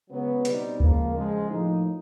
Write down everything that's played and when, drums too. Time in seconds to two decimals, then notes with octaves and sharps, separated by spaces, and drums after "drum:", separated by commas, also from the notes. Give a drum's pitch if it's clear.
0.10 C#2 C#3 F#3 B3
0.45 B2 G3 C4 D#4, drum: hi-hat
0.80 C#2 C#3 F3 A#3, drum: kick D2
1.14 C#2 C#3 F3 G#3
1.49 A2 F3 A#3 D#4